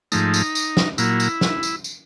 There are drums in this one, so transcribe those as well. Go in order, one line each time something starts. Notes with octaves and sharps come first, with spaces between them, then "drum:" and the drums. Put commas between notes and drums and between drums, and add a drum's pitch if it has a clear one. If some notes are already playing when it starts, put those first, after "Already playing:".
G#2 F3 A3 D#4, drum: tambourine
drum: tambourine
drum: tambourine
drum: snare
A#2 F#3 A#3 E4, drum: tambourine
drum: tambourine
drum: snare
drum: tambourine
drum: tambourine